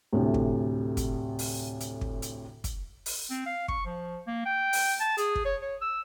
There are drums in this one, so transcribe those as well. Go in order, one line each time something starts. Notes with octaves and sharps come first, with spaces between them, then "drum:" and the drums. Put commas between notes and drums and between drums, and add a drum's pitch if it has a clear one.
D2 A2 C3
drum: kick
drum: kick, hi-hat
drum: open hi-hat
drum: hi-hat
drum: kick
drum: hi-hat
drum: kick, hi-hat
drum: open hi-hat
C4
F5
C#6, drum: kick
F3
A#3
G5
drum: open hi-hat
A5
G#4, drum: hi-hat
drum: kick
C#5
C#5
E6